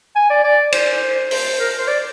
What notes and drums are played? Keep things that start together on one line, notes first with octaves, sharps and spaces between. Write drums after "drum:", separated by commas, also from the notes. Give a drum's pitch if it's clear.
G#5
D5
D5
C5, drum: cymbal
C5, drum: open hi-hat
A#4
C5
D5